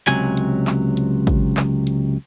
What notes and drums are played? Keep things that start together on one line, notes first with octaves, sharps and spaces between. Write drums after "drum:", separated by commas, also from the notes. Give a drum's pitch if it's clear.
C#2 C3 F#3 G#5
drum: hi-hat
drum: clap
drum: hi-hat
drum: kick, hi-hat
drum: clap
drum: hi-hat